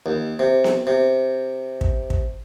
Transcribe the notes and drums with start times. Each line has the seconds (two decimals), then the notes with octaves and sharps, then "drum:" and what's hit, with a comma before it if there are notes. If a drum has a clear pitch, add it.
0.06 D#2
0.39 C3
0.64 drum: snare B3
0.87 C3
1.81 drum: kick
2.10 drum: kick